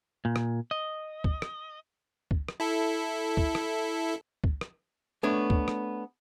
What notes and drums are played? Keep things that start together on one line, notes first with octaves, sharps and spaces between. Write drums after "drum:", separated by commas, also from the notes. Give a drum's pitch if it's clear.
A#2
drum: rim click
D#5
drum: kick C#2
drum: rim click
drum: kick C#2
drum: rim click
E4 A4
drum: kick C#2
drum: rim click
drum: kick C#2
drum: rim click
A3 B3 D4 C#5
drum: kick C#2
drum: rim click